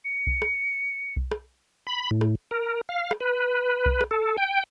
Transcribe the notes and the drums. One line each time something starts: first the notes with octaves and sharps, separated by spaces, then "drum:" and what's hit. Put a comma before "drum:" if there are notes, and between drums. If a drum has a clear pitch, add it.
C#7
drum: kick B1
drum: rim click
drum: kick B1
drum: rim click
B5
A2
drum: rim click
A#4
F5
drum: rim click
B4
drum: kick B1
drum: rim click
A4
G5